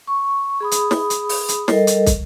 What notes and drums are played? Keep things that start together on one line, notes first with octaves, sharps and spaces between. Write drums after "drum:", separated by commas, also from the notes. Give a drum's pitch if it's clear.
C#6
G#4 B5 D#6
drum: hi-hat
drum: snare
drum: hi-hat
drum: open hi-hat
drum: hi-hat
G3 A4 A#4 D#5, drum: snare
drum: hi-hat
drum: kick, hi-hat